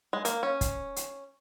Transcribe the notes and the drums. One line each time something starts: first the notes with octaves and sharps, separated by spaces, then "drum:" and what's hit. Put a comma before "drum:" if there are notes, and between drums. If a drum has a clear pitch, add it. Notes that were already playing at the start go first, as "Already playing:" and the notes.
G#3
A#3, drum: hi-hat
C#4
drum: kick, hi-hat
drum: hi-hat